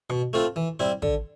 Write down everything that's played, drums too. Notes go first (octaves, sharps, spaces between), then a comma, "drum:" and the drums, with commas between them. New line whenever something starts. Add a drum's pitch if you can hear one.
B2, drum: rim click
A3 C4 F4
E3
G3 C4 E4
D3, drum: kick